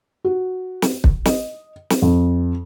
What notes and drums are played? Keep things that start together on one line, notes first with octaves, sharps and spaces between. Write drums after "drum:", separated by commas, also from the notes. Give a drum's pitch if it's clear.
F#4
drum: snare
drum: kick
D#5, drum: snare
drum: snare
F2